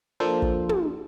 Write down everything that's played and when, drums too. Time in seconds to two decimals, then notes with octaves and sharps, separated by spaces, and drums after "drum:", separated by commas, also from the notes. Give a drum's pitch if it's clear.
0.20 F3 A#3 D4 F4 A4 C5
0.42 drum: kick
0.69 drum: tom